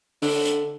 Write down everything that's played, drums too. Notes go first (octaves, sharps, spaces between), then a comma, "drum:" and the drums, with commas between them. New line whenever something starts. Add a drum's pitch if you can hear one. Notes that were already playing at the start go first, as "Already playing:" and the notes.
D3, drum: open hi-hat
drum: hi-hat